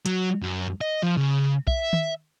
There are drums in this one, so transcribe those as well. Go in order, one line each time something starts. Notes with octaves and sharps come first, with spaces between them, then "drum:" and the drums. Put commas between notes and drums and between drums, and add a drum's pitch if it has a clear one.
F#3, drum: hi-hat
F#2
D#5
F3
C#3
E5, drum: kick
drum: tom D#3